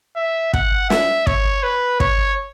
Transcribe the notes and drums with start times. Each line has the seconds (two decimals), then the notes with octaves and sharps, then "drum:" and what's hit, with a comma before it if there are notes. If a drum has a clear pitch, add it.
0.16 E5
0.53 F#5, drum: kick
0.90 E5, drum: snare
1.27 C#5, drum: kick
1.63 B4
2.00 C#5, drum: kick